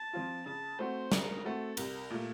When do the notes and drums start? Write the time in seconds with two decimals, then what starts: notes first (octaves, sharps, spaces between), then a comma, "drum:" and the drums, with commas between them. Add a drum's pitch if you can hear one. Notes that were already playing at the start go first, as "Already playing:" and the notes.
Already playing: A5
0.13 F3 C4 F4
0.46 C#3 A5
0.79 A3 C4 F#4 C5
1.12 C#3 A#4, drum: snare
1.44 A3 C4 F#4 A4
1.77 C2 A#4, drum: cymbal
2.10 A#2 A3